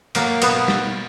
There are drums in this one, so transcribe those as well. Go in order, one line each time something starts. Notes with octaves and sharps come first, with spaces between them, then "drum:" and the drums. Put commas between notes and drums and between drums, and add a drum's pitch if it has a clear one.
F#3 A#3 A#4, drum: cymbal
B2 B3 B4, drum: cymbal
drum: snare